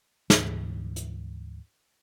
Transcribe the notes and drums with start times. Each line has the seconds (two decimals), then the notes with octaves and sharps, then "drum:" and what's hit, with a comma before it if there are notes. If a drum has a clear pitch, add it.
0.30 D2 G#2 E3, drum: snare
0.96 drum: hi-hat